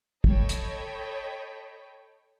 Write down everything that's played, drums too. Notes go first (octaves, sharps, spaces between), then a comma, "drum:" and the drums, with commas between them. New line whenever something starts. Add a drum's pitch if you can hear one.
A4 C#5 D#5 G5 B5, drum: kick
drum: hi-hat